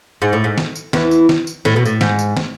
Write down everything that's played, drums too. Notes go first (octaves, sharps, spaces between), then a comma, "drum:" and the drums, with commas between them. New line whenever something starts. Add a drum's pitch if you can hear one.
G#2
A2
G#2
drum: snare
drum: tambourine
E2 E3, drum: snare
drum: tambourine
drum: snare
drum: tambourine
A2, drum: snare
B2
A2, drum: tambourine
G#2, drum: snare
drum: tambourine
drum: snare